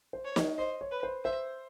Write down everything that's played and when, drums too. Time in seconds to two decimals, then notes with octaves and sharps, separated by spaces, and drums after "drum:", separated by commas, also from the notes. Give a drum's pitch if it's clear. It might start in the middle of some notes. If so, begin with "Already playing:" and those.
0.13 C5
0.25 C#5
0.36 D#5, drum: snare
0.58 C5 D#5
0.81 C#5
0.91 B4
1.03 C5
1.25 C5 E5